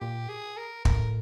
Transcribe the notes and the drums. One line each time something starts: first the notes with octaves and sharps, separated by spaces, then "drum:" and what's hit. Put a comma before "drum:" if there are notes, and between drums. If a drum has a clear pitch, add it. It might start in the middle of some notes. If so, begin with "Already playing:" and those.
A#2 G4
G#4
A#4
A2 A#4, drum: kick